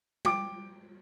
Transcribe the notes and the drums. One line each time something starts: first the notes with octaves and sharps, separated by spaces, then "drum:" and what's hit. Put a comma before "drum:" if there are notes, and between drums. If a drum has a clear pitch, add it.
G5 D6 D7, drum: tom G3